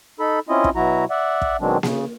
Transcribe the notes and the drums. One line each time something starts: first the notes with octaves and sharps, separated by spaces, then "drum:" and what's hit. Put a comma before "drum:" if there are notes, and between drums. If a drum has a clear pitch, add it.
D#4 A4 B5
C4 C#4 E4 F4 D#5
drum: kick
B2 F#3 E4 F#4 A#5
D5 E5 F#5
drum: kick
B2 D#3 F#3 G#3 C4 D4
C#3, drum: snare A#3